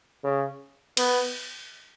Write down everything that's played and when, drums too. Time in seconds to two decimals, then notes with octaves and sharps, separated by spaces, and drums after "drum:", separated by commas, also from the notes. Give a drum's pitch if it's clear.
0.24 C#3
0.97 B3, drum: cymbal